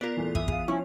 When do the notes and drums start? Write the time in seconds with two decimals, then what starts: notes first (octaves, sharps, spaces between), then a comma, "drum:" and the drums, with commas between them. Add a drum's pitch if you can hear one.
0.01 B3 F4 A#4 D5
0.17 E2 A#2 A3
0.35 E3 E5 D#6, drum: kick
0.48 G#4 F5, drum: kick
0.68 F3 C#4 E4